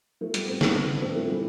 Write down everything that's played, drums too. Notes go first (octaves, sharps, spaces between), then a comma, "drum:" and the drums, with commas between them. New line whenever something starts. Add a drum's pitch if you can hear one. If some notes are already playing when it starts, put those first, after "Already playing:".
F3 A3
G3 B3, drum: hi-hat
A3 C4
B3 D4, drum: snare
B3 D4
B3 D4
A3 C4
F3 A3
E3 G3